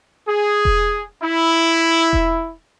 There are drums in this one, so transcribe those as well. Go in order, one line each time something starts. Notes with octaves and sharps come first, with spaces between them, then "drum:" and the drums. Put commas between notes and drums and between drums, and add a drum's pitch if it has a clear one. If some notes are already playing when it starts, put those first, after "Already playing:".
G#4
drum: kick E1
E4
drum: kick E1